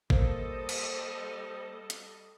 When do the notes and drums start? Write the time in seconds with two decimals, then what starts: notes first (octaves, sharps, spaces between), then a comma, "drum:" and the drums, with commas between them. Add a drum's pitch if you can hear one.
0.10 G3 A#3 A4 C5 D#5, drum: kick G#1
0.69 drum: cymbal
1.90 drum: hi-hat